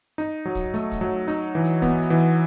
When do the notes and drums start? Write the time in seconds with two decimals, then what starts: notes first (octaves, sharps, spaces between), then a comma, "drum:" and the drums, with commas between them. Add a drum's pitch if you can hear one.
0.18 D#4, drum: hi-hat
0.45 F#3
0.55 drum: kick, hi-hat
0.74 A3, drum: hi-hat
0.92 drum: kick, hi-hat
1.01 F#3
1.28 D#4, drum: hi-hat
1.55 E3
1.64 drum: hi-hat
1.82 B3, drum: kick, hi-hat
2.01 drum: hi-hat
2.10 E3